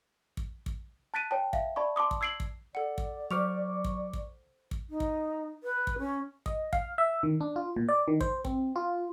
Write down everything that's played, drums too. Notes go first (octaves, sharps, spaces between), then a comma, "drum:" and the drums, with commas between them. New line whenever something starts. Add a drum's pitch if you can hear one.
drum: kick
drum: kick
A5 F#6 A6 B6 D7 D#7
C#5 G5 A5
E5 F5, drum: kick
D5 A5 B5 C#6
A5 C6 D6 D#6
drum: kick
E6 G#6 C7 D7 F#7
drum: kick
A4 D5 F#5
drum: kick
F#3 C5 C#6 D6 F6 F7
drum: kick
drum: kick
drum: kick
D#4
drum: kick
B4
drum: kick
C#4
D#5, drum: kick
F5, drum: kick
E5
D#3
D4
F4
A#2
D5
D#3
C5, drum: kick
C4, drum: kick
F4